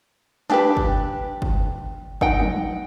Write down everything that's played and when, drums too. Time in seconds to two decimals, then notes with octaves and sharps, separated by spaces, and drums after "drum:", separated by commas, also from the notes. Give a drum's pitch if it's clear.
0.50 D4 G4 B4, drum: snare
0.77 drum: kick
1.42 drum: kick
2.21 D#4 F#5 G5, drum: kick
2.40 drum: tom